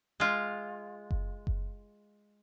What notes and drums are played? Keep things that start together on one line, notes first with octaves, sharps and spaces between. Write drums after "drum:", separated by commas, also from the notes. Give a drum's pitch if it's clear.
G#3 F4
drum: kick F#1
drum: kick F#1